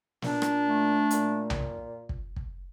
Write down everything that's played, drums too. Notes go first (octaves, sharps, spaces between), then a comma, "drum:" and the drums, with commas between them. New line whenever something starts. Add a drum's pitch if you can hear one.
A#2 D4, drum: snare
drum: rim click
A3
A#2, drum: hi-hat
drum: tom B1
drum: kick
drum: kick